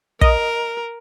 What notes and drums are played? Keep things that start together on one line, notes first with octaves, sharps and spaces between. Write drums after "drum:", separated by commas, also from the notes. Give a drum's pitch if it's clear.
A#4 D#5, drum: kick